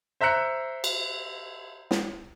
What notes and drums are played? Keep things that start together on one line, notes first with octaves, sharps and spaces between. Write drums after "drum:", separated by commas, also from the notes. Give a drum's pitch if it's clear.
C5 E5 A#5 E6 F#6 C#7
drum: cymbal
drum: snare